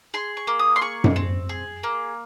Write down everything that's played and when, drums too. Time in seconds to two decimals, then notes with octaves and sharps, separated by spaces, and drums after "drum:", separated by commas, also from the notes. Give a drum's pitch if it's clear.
0.14 G#4 C6
0.37 C#6
0.47 A#3
0.59 D#6
0.76 C6
0.81 G#4 C#6
1.04 drum: tom F#2
1.16 C4
1.49 G#4
1.83 A#3